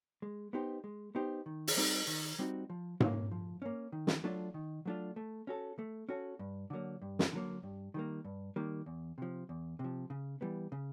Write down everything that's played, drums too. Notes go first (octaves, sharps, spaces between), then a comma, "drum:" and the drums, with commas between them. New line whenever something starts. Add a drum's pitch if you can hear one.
G#3
B3 D#4 G4 C5
G#3
B3 D#4 G4 C5
D#3
drum: open hi-hat
G3 C4 D#4 F#4
D#3
G3 C4 D#4 F#4
F3
A#3 C#4, drum: tom G#2
F3
A#3 C#4
D#3
drum: snare
F#3 A3 D4 F4
D#3
F#3 A3 D4 F4
A3
C#4 F#4 A4
A3
C#4 F#4 A4
G2
D3 F#3 A#3
G2
drum: snare
D3 F#3 A#3
G2
D#3 G3 A#3
G2
D#3 G3 A#3
E2
C3 F3
E2
C3
F3
C#3
E3 G3 B3
C#3